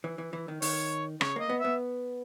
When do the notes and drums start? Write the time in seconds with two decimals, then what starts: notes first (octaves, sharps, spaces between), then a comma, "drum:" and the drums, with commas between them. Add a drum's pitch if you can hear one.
0.04 E3
0.18 E3
0.33 E3
0.48 D#3
0.62 D#3 C#5, drum: open hi-hat
1.21 C#3 C#5, drum: rim click
1.36 A#3 D#5
1.49 B3
1.60 B3 E5